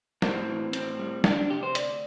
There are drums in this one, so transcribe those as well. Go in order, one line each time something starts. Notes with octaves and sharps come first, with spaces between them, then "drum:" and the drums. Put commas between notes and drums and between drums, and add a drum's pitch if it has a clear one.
A2 C4, drum: snare
E3
A2 C4, drum: hi-hat
G3
D2 D4, drum: snare
D4
C3 G4
C5
D2 D5, drum: hi-hat